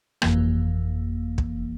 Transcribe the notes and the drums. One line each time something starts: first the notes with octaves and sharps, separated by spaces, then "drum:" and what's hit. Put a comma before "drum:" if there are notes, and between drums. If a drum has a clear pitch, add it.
G1 F2 E3 A#3, drum: rim click
drum: kick